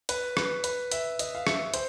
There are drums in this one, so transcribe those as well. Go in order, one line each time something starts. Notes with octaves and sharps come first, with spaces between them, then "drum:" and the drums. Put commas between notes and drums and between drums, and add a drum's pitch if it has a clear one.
B4, drum: hi-hat
B4, drum: rim click
B4, drum: hi-hat
E5, drum: hi-hat
D#5, drum: hi-hat
F5
E5, drum: rim click
C5, drum: hi-hat